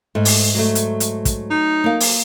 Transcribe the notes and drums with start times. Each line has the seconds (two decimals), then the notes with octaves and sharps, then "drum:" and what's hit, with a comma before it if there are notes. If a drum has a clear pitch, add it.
0.15 G#2 A3
0.25 drum: open hi-hat
0.54 F#3 A3
0.75 drum: hi-hat
1.00 drum: hi-hat
1.25 drum: kick, hi-hat
1.50 D#4
1.84 A#3 F5
2.00 drum: open hi-hat